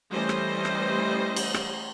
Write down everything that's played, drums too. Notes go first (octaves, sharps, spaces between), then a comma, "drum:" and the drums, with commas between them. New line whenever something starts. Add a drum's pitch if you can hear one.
E3 G3 A3 C#4 C5 D#5
drum: rim click
drum: rim click
drum: cymbal
drum: rim click